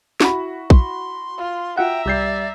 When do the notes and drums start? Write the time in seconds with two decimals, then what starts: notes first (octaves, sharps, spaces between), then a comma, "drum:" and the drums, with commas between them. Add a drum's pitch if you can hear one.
0.20 E4 F#4 B5, drum: snare
0.70 C6, drum: kick A#1
1.38 F4
1.77 F4 F#4 E5 F#5 G5 A#5
2.06 C2 G3 D5 G6 C7